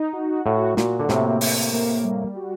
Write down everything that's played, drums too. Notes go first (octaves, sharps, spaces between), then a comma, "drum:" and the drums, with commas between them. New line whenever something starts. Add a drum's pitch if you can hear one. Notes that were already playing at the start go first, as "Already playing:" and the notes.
Already playing: D#4
F#4
A2 F#4
A#2 F#4, drum: snare
D3
A2 C3 A#3, drum: snare
A#3, drum: open hi-hat
A#3
G3
F#4